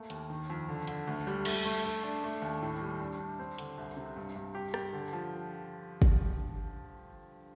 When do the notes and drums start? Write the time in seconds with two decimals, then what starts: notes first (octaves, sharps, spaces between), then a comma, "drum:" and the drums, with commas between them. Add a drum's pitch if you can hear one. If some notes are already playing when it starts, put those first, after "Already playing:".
Already playing: A3 A#3
0.10 D#2, drum: hi-hat
0.30 D#3
0.50 F2
0.69 D3
0.87 D3, drum: hi-hat
1.07 D2
1.27 G3
1.45 A3, drum: cymbal
1.65 A3
1.85 A3
2.03 D4
2.24 A3
2.42 D#2
2.62 A2
2.81 G3
3.01 D4
3.19 D4
3.39 C4
3.58 D3, drum: hi-hat
3.78 C2
3.97 C3
4.16 G2
4.36 G2
4.55 G4
4.74 G4, drum: rim click
4.93 D3
5.13 F3
6.02 drum: kick